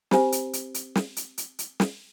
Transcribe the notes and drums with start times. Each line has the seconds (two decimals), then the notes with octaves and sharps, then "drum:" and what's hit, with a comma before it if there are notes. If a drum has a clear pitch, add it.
0.11 C4 G4 C5 G#5, drum: snare
0.32 drum: hi-hat
0.53 drum: hi-hat
0.74 drum: hi-hat
0.95 drum: snare
1.17 drum: hi-hat
1.38 drum: hi-hat
1.59 drum: hi-hat
1.80 drum: snare